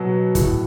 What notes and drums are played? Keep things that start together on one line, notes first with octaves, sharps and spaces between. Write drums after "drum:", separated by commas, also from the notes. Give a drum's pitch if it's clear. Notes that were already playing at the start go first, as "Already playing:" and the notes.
Already playing: B2 F#3 F#4
A2, drum: kick, hi-hat